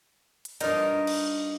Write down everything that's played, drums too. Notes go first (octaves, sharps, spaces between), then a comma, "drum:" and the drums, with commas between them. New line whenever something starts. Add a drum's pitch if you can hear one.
drum: hi-hat
G2 D#4 F4 A#4 D#5, drum: hi-hat
drum: cymbal